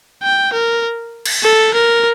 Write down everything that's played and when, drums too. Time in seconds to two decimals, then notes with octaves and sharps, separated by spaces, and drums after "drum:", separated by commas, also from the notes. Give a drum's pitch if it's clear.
0.23 G5
0.53 A#4
1.26 drum: cymbal
1.43 A4
1.74 A#4